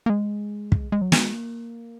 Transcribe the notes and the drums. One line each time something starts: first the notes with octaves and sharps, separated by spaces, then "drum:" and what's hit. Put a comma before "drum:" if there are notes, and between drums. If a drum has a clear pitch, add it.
A#3
G#3
drum: kick
G#3
F#3
G#3, drum: snare
A#3